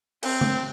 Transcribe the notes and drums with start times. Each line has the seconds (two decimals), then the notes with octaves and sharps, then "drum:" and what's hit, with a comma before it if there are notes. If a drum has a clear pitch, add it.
0.23 C4, drum: cymbal
0.41 drum: tom